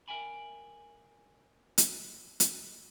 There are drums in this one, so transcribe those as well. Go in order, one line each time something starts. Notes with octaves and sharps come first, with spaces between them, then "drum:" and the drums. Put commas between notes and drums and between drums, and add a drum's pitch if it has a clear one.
A#4 E5 G5 G#5 B5
drum: hi-hat
drum: hi-hat